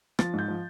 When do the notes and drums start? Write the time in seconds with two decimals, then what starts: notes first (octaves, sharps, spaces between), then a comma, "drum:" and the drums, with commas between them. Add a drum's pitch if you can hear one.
0.19 F3 A6, drum: rim click
0.33 G#2
0.39 G6
0.48 F3